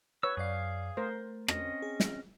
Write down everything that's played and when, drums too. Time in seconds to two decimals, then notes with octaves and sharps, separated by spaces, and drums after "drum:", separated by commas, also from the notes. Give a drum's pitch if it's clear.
0.23 B4 C#5 E6
0.37 F#2 G#4 D5 F5
0.97 A3 A#4 C5
1.48 C4 C#4 D#5, drum: rim click
1.82 G#4
2.00 drum: snare